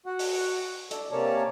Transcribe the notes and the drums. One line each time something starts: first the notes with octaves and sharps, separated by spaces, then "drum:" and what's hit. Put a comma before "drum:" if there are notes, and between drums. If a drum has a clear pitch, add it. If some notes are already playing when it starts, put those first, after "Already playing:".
F#4 F#5
drum: open hi-hat
D4 A4, drum: hi-hat
C3 A#3 C#4 C#5 D5 A5